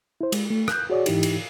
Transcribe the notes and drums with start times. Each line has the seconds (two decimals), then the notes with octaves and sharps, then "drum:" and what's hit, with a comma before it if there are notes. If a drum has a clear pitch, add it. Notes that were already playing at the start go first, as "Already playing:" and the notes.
0.21 E4 C5
0.32 G#3, drum: cymbal
0.50 A3
0.68 F#6 G6, drum: rim click
0.90 F#4 G#4 C#5 D5
1.06 G#2 E3 D#4 E4 G4, drum: cymbal
1.23 drum: cymbal